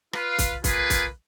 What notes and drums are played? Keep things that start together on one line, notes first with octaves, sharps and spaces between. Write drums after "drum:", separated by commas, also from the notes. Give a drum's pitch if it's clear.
F4 B4 F5, drum: rim click
drum: kick, hi-hat
A#3 F4 G#4 B4, drum: kick, hi-hat
drum: kick, hi-hat